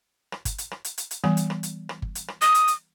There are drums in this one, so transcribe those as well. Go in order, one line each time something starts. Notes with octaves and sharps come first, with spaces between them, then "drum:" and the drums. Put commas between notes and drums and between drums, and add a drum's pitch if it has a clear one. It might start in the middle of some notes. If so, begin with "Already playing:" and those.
drum: rim click
drum: kick G1, hi-hat
drum: hi-hat
drum: rim click
drum: hi-hat
drum: hi-hat
drum: hi-hat
E3 G3 B3, drum: rim click
drum: hi-hat
drum: rim click
drum: hi-hat
drum: rim click
drum: kick G1
drum: hi-hat
drum: rim click
D#6, drum: hi-hat
drum: hi-hat
drum: hi-hat